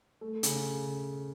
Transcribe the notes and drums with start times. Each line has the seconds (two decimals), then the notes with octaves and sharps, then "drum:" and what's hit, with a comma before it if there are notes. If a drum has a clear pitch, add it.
0.21 A3
0.43 C#3, drum: hi-hat